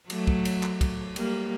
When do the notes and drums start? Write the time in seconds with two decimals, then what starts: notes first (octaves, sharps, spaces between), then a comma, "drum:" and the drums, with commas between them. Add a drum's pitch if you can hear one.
0.10 F#3 A3, drum: cymbal
0.27 drum: kick
0.45 drum: cymbal
0.63 drum: clap
0.81 drum: kick, cymbal
1.16 G3 A#3, drum: cymbal